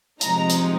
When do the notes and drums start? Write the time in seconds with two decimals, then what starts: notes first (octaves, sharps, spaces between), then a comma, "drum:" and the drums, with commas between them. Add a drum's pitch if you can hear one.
0.21 C3 F3 G#3 D#4 A#5, drum: hi-hat
0.50 drum: hi-hat